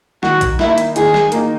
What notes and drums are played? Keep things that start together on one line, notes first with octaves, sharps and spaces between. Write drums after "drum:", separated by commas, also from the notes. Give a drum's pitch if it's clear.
D#3 F#4, drum: snare
drum: kick A#1, hi-hat
A#3 D#4 E4, drum: snare
drum: hi-hat
D#3 G#4, drum: hi-hat
drum: snare
A#3 D#4, drum: hi-hat